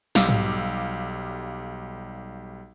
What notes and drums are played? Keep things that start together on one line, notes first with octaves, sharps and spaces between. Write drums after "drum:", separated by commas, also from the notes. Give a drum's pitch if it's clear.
B1 G3 F5 D6 E6, drum: snare
drum: tom G#2